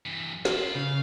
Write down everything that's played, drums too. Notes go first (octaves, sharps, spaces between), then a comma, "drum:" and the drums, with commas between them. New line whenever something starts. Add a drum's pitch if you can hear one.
G2 E3
E4 F4, drum: snare
C#3 F5